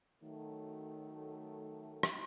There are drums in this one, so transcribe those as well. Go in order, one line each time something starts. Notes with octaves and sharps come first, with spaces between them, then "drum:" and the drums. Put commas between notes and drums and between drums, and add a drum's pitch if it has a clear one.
D#3 F#3 A3
drum: rim click